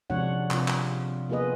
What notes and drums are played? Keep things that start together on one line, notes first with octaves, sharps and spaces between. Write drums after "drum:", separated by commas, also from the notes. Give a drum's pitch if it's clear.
C3 F3 G#3 D4 C#5 F#5
C3 F4, drum: clap
drum: clap
A#3 B3 F4 G#4 B4 D#5